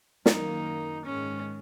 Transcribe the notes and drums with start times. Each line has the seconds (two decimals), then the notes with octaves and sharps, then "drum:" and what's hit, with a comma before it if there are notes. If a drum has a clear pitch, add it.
0.26 F#2 D#3 A#3 D#4, drum: snare
1.05 G#2 D#3 G#3 C#4